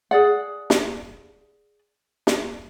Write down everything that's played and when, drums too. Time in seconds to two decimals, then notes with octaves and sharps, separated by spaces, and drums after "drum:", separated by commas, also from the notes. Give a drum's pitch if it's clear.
0.11 G#4 D5 F#5
0.70 drum: snare
2.27 drum: snare